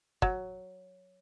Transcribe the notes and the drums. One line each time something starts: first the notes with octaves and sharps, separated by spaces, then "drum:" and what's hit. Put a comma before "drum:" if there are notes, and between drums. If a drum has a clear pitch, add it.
F#3, drum: kick